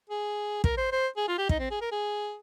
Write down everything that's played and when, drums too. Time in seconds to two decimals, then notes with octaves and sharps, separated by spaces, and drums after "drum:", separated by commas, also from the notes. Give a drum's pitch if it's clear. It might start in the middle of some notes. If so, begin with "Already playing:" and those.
0.10 G#4
0.64 A#4, drum: kick
0.78 C5
0.92 C5
1.17 G#4
1.28 F4
1.38 G4
1.49 D#4, drum: kick
1.59 C4
1.71 G#4
1.81 A#4
1.91 G#4